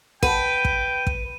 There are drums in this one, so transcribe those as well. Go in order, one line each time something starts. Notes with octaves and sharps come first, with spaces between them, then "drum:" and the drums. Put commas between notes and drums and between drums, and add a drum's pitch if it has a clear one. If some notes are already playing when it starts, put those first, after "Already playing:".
B4 F#5 G5 A5 D#7, drum: kick
drum: kick
drum: kick